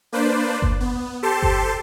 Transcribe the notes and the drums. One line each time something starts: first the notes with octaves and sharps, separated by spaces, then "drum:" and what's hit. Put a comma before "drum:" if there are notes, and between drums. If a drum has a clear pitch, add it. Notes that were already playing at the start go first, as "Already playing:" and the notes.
A#3 D4 B4 C5 D5
drum: kick G1
B3
G4 A4 C5 A5 C6
drum: kick G1